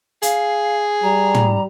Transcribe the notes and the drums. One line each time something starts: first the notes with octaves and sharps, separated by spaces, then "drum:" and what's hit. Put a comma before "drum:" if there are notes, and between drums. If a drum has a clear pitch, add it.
G#4 F5, drum: hi-hat
G3 A#5
drum: tom